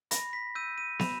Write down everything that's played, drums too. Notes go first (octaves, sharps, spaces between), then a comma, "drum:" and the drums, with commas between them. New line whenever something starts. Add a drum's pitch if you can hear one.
B5 A#6, drum: hi-hat
B6
E6 G6 D#7
D#7
B5 E7, drum: snare